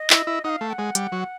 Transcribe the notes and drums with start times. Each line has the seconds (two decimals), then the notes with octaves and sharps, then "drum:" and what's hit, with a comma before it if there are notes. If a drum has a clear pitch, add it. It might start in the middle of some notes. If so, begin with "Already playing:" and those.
Already playing: D#5
0.10 E4, drum: clap
0.27 E4
0.44 D#4 F#5
0.49 F5
0.61 A3
0.69 G5
0.73 F#5
0.78 G#3
0.95 G3, drum: hi-hat
1.12 F#3